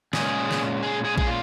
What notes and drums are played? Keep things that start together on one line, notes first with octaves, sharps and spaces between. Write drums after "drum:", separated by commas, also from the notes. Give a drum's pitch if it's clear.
A#2 G#3 C#4 G#4, drum: snare
drum: snare
G#4
G#4
G#4, drum: kick A#1
F4